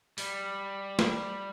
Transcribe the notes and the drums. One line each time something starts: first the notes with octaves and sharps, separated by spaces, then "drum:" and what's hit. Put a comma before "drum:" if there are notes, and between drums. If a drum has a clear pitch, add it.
G3, drum: open hi-hat
drum: snare